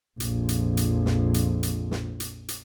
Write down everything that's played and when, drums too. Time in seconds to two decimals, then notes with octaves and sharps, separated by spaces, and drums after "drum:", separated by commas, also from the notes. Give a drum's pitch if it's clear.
0.20 A#1 F2, drum: hi-hat
0.49 drum: hi-hat
0.77 drum: hi-hat
1.06 drum: snare
1.34 drum: hi-hat
1.63 drum: hi-hat
1.91 drum: snare
2.20 drum: hi-hat
2.48 drum: hi-hat